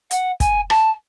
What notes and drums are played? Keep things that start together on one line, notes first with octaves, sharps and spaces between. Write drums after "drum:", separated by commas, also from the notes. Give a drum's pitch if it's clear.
F#5, drum: hi-hat
G#5, drum: kick, hi-hat
A5, drum: rim click